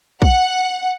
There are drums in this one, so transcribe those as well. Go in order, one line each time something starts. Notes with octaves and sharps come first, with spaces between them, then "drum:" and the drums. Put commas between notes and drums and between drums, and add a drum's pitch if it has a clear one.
F#5, drum: kick